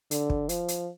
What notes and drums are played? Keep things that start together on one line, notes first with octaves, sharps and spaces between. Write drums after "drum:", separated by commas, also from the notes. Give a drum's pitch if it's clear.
D3, drum: hi-hat
drum: kick
F3, drum: hi-hat
drum: hi-hat